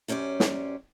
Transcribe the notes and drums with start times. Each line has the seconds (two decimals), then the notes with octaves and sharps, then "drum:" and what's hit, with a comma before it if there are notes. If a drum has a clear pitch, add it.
0.08 F#2 C#4 G4 C5 D5
0.40 drum: snare